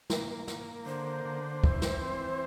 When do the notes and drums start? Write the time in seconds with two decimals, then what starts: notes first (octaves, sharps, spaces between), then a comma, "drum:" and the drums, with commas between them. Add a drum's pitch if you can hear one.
0.10 A#3, drum: snare
0.48 A#3, drum: snare
0.86 D3 C5
1.25 D3
1.64 E3, drum: kick
1.82 drum: snare
2.02 C4